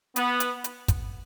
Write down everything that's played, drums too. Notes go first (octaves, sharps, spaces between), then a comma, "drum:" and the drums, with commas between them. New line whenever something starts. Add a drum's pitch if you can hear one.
B3, drum: hi-hat
drum: hi-hat
drum: hi-hat
drum: kick, hi-hat